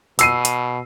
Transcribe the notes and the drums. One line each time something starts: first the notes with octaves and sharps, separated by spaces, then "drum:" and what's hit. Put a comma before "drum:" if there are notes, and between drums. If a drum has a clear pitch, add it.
B2 E6 C7 D#7, drum: hi-hat
drum: hi-hat